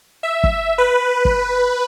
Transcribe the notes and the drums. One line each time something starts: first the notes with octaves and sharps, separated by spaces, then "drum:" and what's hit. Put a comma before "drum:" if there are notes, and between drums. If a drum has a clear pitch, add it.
E5
drum: kick G1
B4
drum: kick G1